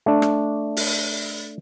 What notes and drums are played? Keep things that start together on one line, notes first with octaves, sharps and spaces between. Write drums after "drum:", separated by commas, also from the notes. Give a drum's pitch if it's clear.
A3 D4
drum: rim click
drum: open hi-hat